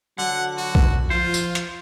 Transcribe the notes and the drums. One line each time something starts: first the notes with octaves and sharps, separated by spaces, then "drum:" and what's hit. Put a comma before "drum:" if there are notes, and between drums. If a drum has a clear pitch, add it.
D3 F#3 F#5
F#4
drum: kick B1
F3 F4 C5
drum: tambourine
drum: hi-hat